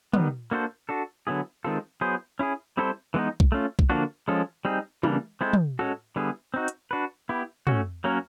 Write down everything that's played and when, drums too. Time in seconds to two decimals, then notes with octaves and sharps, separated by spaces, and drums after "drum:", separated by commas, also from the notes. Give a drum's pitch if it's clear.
0.13 D#3 G3 B3, drum: tom
0.51 A#3 D4 F#4 A4 C5
0.89 D4 F#4 A4
1.27 D3 F#3 B3 E4 G#4
1.64 D#3 G#3 C4 F4 A4
2.01 F#3 B3 E4 G#4 C5
2.39 C#4 E4 G#4
2.77 G3 C4 E4 A4 C5
3.14 E3 G#3 B3 D#4
3.40 drum: kick B1
3.52 A3 C#4 F4
3.79 drum: kick B1
3.90 D3 F3 A#3 D4 F#4
4.28 F3 G#3 C#4 F4 A4
4.65 G3 C4 D#4 G#4
5.03 C#3 E3 G3 A#3 D4, drum: tom
5.41 G#3 C4 E4 A4 C5
5.53 drum: tom
5.79 G#3 C#4 F#4 A4
6.16 D3 G3 B3 E4 G#4
6.54 C4 D#4 F#4
6.68 drum: hi-hat
6.91 D4 F#4 B4
7.29 B3 E4 G4
7.67 A3 C#4 F#4, drum: tom
8.04 F#3 A#3 C#4 F#4 A#4